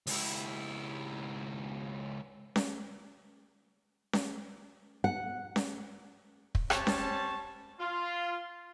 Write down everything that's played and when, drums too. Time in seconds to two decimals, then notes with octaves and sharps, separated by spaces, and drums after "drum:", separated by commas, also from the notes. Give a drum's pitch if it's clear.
0.07 C#2 E4, drum: open hi-hat
2.56 drum: snare C#4
4.13 drum: snare C#4
5.04 F#5
5.56 drum: snare C#4
6.55 drum: kick
6.70 G3 C4 C#4 C#5 A5, drum: rim click
6.87 drum: snare C#4
7.79 F4